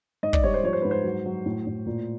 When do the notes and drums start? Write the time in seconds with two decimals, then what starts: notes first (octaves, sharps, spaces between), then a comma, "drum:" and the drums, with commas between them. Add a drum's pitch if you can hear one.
0.23 G#2 D#5
0.33 D5, drum: kick
0.44 G3 C#5
0.54 C5
0.63 F3 C#5
0.73 C5
0.82 G#2 B4
0.91 C5
1.04 F#3
1.26 F#3
1.46 A2
1.67 A2
1.86 A#2